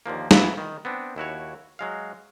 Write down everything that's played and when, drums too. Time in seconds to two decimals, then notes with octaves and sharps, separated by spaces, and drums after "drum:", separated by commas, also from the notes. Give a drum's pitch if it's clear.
0.06 D#2 D3 F3 A#3
0.31 E3 F#3 B3 E4, drum: snare
0.57 D#3
0.85 B3 C4 D4
1.16 D#2 E4 F#4 C#5
1.79 F#3 G#3 F5